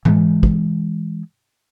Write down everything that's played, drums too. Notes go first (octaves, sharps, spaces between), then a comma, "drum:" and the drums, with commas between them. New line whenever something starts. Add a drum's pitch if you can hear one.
E3 G#3, drum: tom G#2
drum: kick